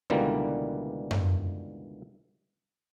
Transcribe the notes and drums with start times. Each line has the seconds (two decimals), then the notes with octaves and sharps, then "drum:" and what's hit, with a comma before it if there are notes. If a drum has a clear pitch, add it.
0.10 C#2 B2 D3 E3 G3 A#3
1.11 drum: tom F#2